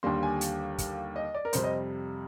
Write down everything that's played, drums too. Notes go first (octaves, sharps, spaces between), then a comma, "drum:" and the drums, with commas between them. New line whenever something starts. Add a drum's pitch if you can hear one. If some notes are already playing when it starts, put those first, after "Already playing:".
D#2 D3 G3 A#3 C6
G#5
drum: hi-hat
drum: kick, hi-hat
D#5
D5
A#4
F2 C3 G3 C5, drum: hi-hat
D#5